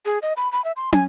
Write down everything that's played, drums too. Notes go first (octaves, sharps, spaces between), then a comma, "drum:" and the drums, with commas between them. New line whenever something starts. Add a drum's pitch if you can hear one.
G#4
D#5
B5
B5
E5
C6
G#5, drum: tom